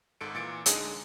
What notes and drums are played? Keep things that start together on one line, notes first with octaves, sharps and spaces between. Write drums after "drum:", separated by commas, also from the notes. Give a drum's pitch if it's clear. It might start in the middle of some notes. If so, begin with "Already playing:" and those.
G#1 G#2 A4 C#7 D7
A#2 E3 A6 C#7 D7
D3 G#3 D#4 G#4, drum: hi-hat